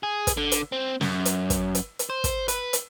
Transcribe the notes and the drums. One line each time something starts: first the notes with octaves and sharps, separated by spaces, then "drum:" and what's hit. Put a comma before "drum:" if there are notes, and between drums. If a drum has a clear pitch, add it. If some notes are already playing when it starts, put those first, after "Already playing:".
G#4
drum: kick, hi-hat
D3
drum: hi-hat
C4
F#2, drum: snare
drum: hi-hat
drum: kick, hi-hat
drum: hi-hat
drum: hi-hat
C5
drum: kick, hi-hat
B4, drum: hi-hat
drum: hi-hat